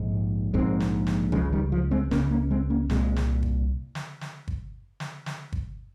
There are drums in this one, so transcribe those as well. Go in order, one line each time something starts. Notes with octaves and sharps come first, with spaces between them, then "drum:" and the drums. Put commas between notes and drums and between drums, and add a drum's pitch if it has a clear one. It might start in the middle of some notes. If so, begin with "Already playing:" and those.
Already playing: A#1 G#2
A#1 G#2 G#3 C4
drum: snare
drum: snare
C#2 C#3 F3 G#3, drum: kick
D#3 G3
F3
G#3 C4
C#2 C#3 A#3 C#4, drum: snare
A#3 C#4
G#3 C4
A#3 C#4
C2 A#2 G#3 C4, drum: snare
drum: snare
drum: kick
drum: snare
drum: snare
drum: kick
drum: snare
drum: snare
drum: kick